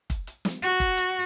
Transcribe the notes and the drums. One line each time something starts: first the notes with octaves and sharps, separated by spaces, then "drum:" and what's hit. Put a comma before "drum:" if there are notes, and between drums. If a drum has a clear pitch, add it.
drum: kick, hi-hat
drum: hi-hat
drum: snare
F#4, drum: hi-hat
drum: kick, hi-hat
drum: hi-hat